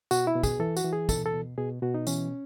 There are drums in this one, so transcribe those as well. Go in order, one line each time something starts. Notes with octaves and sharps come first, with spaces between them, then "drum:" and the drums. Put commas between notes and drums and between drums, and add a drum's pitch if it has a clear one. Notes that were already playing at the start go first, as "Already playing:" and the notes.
B2 F#4, drum: tambourine
E4
B2
G#4, drum: kick, tambourine
E3 A4
F#4, drum: tambourine
E3
G#4
B2 A4, drum: kick, tambourine
A4
B2
B2 G#4
B2 F#4
D#4
E3 C#4, drum: tambourine